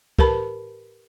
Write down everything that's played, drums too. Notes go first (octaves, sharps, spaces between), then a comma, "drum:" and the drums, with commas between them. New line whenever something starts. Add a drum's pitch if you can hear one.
G4 A#4 B4 A5 B5, drum: kick